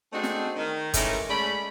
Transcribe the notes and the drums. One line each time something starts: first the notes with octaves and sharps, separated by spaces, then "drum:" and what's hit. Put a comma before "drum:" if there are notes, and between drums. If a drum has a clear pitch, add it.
A3 C4 D4 D#4 F#4 G#4
drum: snare
D#3
D#3 E3 G#3 A3 C#4 A#5, drum: kick, hi-hat
G#3 A3 C#4 D5 B5